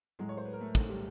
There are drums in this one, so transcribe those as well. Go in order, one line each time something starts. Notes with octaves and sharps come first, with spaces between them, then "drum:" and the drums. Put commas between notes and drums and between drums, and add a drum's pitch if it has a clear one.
A2 F#3 G#3 G#4
C#5
C5
B4
A#4
A3 A4
A3 A4, drum: kick
G3 G4